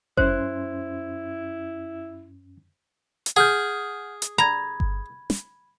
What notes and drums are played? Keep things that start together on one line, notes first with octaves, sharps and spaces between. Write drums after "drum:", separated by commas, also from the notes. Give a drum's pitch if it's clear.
F#2 C#4 E4 C5 C6, drum: kick G1
drum: hi-hat
G#4 F#5 F6 G6
drum: hi-hat
A#5 B5 G#6
drum: kick G1
drum: snare